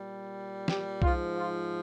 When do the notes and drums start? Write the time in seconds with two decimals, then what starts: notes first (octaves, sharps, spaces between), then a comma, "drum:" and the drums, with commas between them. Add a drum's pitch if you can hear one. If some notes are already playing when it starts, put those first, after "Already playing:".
Already playing: A#2 G3
0.68 G4, drum: snare
1.02 G#2 F3 F4, drum: kick B1
1.36 F4